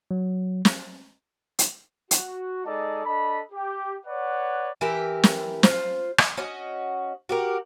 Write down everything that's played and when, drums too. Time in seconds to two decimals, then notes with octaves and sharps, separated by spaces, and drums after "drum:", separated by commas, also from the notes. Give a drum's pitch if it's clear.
0.11 F#3
0.65 drum: snare
1.59 drum: hi-hat
2.11 F#4, drum: hi-hat
2.65 G#3 D#4 A4 D5 D#5 A5
3.05 D4 A4 D#5 B5
3.52 G4
4.06 B4 C#5 D5 F#5
4.81 E3 G4 A#4 E5
5.23 drum: snare
5.63 F4 C5, drum: snare
6.18 drum: rim click
6.37 C#4 F#4 D#5
7.29 F#4 G4 A#4